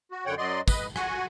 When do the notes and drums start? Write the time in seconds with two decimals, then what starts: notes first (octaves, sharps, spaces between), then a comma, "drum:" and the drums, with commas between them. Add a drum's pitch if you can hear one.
0.11 F#4
0.26 F#2 D3 C#5 F#5 G5
0.38 F#2 F#3 D5 D#5 C6
0.68 B4 D#5, drum: kick, tambourine
0.96 F#4 F#5 G#5, drum: rim click